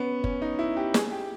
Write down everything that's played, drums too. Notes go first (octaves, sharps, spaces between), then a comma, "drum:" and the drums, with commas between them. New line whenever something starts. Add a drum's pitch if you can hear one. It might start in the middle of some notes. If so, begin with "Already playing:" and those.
Already playing: B3 C#4
C#4, drum: kick F#1
D#4
E4
G4
G#4, drum: snare
G4